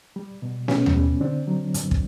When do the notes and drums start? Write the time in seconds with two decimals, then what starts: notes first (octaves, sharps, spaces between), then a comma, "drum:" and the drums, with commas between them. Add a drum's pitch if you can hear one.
0.16 G3
0.42 B2
0.68 B2 B3 C#4, drum: snare
0.86 drum: tom D#2
0.96 G3
1.21 D3 C4 D4
1.47 F#3
1.74 G2, drum: hi-hat
1.91 drum: kick